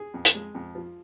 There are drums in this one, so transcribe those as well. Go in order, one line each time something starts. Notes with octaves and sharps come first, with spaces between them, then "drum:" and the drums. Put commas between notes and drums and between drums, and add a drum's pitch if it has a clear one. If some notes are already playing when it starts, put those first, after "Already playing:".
Already playing: G#4
F2
drum: hi-hat
G#3
F2
F3